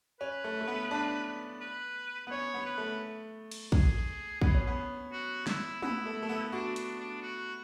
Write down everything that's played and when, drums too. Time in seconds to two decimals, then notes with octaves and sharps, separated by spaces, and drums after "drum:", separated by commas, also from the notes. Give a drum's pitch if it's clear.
0.20 C#4 B4
0.44 A3
0.61 A3
0.68 B3
0.91 D4
1.61 B4
2.27 B3
2.31 C#4 C#5
2.54 B3
2.66 B4
2.78 A3
3.51 drum: cymbal
3.72 G#4, drum: kick
4.42 B3, drum: kick
4.54 C#4
4.67 B3
5.12 F#4
5.47 E4, drum: snare
5.82 B3 E4, drum: tom
6.06 A3
6.22 A3
6.29 B3
6.52 D4 F#4
6.76 D4, drum: hi-hat
7.00 D4
7.22 F#4